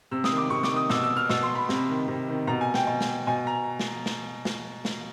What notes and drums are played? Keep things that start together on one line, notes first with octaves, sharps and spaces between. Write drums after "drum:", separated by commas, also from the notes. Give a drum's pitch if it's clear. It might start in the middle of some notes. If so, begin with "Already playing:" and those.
C3 E6
D#6, drum: snare
D#3
D6
C3 C#6
D6, drum: snare
D#3
D#6
B2 E6, drum: snare
E6
F6
B2 E6, drum: snare
C6
B5
C3, drum: snare
D#3
C3
D#3
B2 A#5
G#5
G5, drum: snare
B2
drum: snare
B2 G#5
A#5
drum: snare
drum: snare
drum: snare
drum: snare